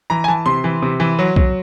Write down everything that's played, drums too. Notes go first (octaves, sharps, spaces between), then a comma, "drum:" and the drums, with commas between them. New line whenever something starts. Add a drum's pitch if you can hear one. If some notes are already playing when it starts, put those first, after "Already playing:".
E3 A#5
G#5
E3 A5
C3 C6
E3
C3
E3
F#3
F#3, drum: kick B1